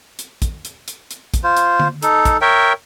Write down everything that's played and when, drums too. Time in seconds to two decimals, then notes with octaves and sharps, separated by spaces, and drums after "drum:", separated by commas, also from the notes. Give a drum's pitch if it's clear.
0.19 drum: hi-hat
0.42 drum: kick, hi-hat
0.65 drum: hi-hat
0.88 drum: hi-hat
1.11 drum: hi-hat
1.34 drum: kick, hi-hat
1.44 F4 C5
1.57 drum: hi-hat
1.80 drum: tom D3
2.02 D#4 A4, drum: hi-hat
2.25 drum: kick, hi-hat
2.41 A#4 C#5 E5 G5